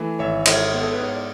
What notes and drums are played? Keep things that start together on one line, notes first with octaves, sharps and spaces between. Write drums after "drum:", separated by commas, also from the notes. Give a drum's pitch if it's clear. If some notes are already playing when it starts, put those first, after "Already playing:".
Already playing: E3 A3
G#1 C#5 E5
G#2 C#5 E5, drum: cymbal
B3
A4
B4
G#2 C#5
D5